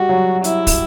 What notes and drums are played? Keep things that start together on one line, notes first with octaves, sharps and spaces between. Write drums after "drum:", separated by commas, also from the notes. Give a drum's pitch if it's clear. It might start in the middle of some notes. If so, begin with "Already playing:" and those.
Already playing: G3 F#4
F#3
E4, drum: hi-hat
drum: kick, open hi-hat